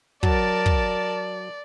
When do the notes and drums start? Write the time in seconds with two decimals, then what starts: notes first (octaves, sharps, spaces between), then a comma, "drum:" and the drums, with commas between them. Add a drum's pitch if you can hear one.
0.23 F#3 A#4 D5 A5, drum: kick
0.66 drum: kick